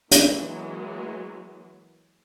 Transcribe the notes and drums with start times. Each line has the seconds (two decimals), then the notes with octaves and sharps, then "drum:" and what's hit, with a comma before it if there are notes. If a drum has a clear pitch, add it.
0.11 E3 F#3 G#3 A#3, drum: hi-hat